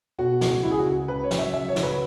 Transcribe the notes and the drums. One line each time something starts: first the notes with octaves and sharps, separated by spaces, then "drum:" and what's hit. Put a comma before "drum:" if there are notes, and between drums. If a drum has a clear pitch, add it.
B2 F#4
C#2, drum: snare
C#2 E4
G#4
F#4
C#2
C#2 B4
C#5
F#3, drum: snare
E5
C#2 E5
C#5
F#3, drum: snare
B4